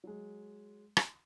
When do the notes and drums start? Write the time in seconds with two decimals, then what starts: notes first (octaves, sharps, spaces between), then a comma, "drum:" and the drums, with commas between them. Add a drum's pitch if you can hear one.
0.04 F#3 G#3
0.97 drum: rim click